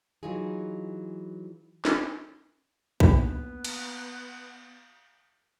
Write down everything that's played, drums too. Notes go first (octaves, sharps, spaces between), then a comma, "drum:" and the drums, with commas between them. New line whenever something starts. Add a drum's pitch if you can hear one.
E3 F#3 D#4 F4 G#4
drum: snare
A#3 B3 D4 B5, drum: kick
drum: cymbal